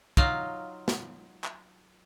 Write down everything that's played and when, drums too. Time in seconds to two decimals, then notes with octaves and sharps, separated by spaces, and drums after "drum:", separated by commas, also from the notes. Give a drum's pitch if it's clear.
0.17 F#3 D#4 F4 F5, drum: kick
0.88 drum: snare
1.44 drum: clap